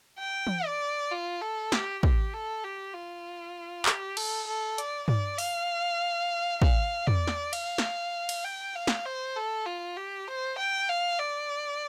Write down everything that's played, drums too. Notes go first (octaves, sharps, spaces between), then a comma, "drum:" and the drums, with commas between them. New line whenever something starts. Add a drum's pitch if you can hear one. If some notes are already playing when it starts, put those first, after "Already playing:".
G5
drum: tom E3
D5
F4
A4
G4, drum: snare
G4, drum: kick
A4
G4
F4
G4, drum: clap
A4, drum: cymbal
A4
D5, drum: hi-hat
D5, drum: tom
F5, drum: open hi-hat
F5, drum: kick
D5, drum: tom
drum: snare
F5, drum: cymbal
drum: snare
drum: cymbal
G5
F5
drum: snare
C5
A4
F4
G4
C5
G5
F5
D5